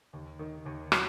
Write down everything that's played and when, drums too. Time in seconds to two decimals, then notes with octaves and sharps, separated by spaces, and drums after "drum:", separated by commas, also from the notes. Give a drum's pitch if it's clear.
0.13 D#2
0.39 D#3
0.66 D#2
0.92 F#3, drum: rim click